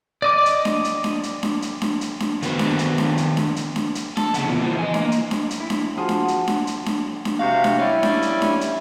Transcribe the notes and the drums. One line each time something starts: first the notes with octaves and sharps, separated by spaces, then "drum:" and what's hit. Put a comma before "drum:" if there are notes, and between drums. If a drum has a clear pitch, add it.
D5 D#5 D6
drum: hi-hat
drum: snare D4
drum: hi-hat
drum: snare D4
drum: hi-hat
drum: snare D4
drum: hi-hat
drum: snare D4
drum: hi-hat
drum: snare D4
D#3 B3 F#4 B4 C5, drum: hi-hat
drum: snare D4
drum: hi-hat
drum: snare D4
drum: hi-hat
drum: snare D4
drum: hi-hat
drum: snare D4
drum: hi-hat
A4, drum: snare D4
C#3 B3, drum: hi-hat
E2 A#2
E3 F3
D#5 G#5
A#3, drum: snare D4
drum: hi-hat
drum: snare D4
drum: hi-hat
E4
drum: snare D4
F3 F#4 G#4 F#5 A5 C6
drum: snare D4
drum: hi-hat
drum: snare D4
drum: hi-hat
drum: snare D4
drum: snare D4
C3 F#4 F5
drum: snare D4
G3 C#4 E4 D5
drum: snare D4
drum: hi-hat
drum: snare D4
drum: hi-hat